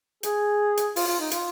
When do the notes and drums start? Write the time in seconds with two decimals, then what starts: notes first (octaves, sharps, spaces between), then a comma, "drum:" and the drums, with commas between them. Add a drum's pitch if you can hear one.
0.23 G#4, drum: hi-hat
0.77 drum: hi-hat
0.96 F4, drum: open hi-hat
1.07 F4
1.20 D#4
1.31 F4, drum: hi-hat